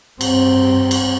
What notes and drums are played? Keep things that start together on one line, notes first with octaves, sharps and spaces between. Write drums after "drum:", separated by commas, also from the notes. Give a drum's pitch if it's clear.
G2 C4, drum: cymbal
drum: cymbal